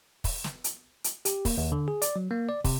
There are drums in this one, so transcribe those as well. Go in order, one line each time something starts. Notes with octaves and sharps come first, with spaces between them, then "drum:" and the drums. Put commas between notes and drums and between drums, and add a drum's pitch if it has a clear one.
drum: kick, open hi-hat
drum: snare
drum: hi-hat
drum: hi-hat
G4, drum: hi-hat
A#3, drum: kick, open hi-hat
D#2
D3
G#4
D5, drum: hi-hat
F#3
A#3
D5
C3, drum: kick, open hi-hat